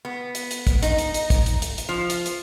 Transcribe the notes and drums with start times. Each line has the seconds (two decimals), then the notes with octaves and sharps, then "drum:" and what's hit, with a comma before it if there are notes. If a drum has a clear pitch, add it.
0.05 B3
0.35 drum: hi-hat
0.51 drum: hi-hat
0.67 drum: kick, hi-hat
0.83 D#4, drum: hi-hat
0.98 drum: hi-hat
1.14 drum: hi-hat
1.30 drum: kick, hi-hat
1.46 drum: hi-hat
1.62 drum: hi-hat
1.78 drum: hi-hat
1.89 F3
2.10 drum: hi-hat
2.26 drum: hi-hat